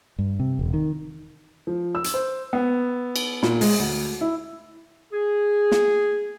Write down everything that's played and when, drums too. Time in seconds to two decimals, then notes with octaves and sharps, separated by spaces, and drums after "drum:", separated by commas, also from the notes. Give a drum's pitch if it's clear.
0.19 G2
0.39 C3
0.59 E1
0.73 D#3
1.67 F3
1.95 E6
2.04 drum: hi-hat
2.14 C5
2.53 B3
3.16 drum: cymbal
3.43 A#2, drum: snare
3.61 G#3, drum: open hi-hat
3.79 D2
4.21 E4
5.13 G#4
5.72 drum: snare